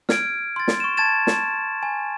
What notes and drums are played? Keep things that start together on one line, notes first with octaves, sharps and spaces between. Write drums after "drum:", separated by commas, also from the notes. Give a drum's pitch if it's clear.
F6 G#6 D7, drum: snare
C6 A6
drum: snare
C#6 E7
A5 G#6 A6 E7
drum: snare
G#5